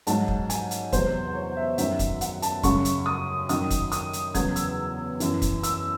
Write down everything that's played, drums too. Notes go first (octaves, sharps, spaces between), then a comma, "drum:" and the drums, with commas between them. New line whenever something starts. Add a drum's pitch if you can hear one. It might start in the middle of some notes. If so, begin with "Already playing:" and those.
G#2 F#3 A5, drum: hi-hat
drum: kick
G#5, drum: hi-hat
drum: hi-hat
E2 C3 F#3 C5, drum: kick, hi-hat
C#5
E5
F#2 D#3 F#3 E5, drum: hi-hat
drum: kick, hi-hat
F#5, drum: hi-hat
A5, drum: hi-hat
F#2 C#3 F#3 C#6, drum: kick, hi-hat
drum: hi-hat
D#6
F#2 D#3 F#3 D#6, drum: hi-hat
drum: kick, hi-hat
D#6, drum: hi-hat
drum: hi-hat
E2 C#3 F#3 G#6, drum: kick, hi-hat
E6, drum: hi-hat
F#2 E3, drum: hi-hat
drum: kick, hi-hat
E6, drum: hi-hat